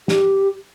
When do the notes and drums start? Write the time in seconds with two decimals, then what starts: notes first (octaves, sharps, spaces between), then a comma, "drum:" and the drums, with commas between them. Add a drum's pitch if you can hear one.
0.08 G4, drum: snare